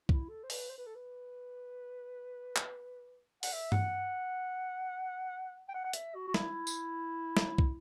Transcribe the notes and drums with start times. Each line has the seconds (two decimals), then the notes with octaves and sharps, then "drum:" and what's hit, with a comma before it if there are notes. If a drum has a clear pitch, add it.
0.09 E4, drum: kick
0.29 A4
0.43 C5
0.50 B4, drum: open hi-hat
0.70 C5
0.78 B4
0.86 A4
0.95 B4
2.56 drum: clap
3.43 F#5, drum: open hi-hat
3.52 E5
3.72 F#5, drum: tom G2
5.69 G5
5.74 F#5
5.84 F#5
5.93 E5, drum: hi-hat
6.14 F#4
6.27 F#4
6.34 E4, drum: snare
6.67 drum: tambourine
7.37 drum: snare
7.58 drum: kick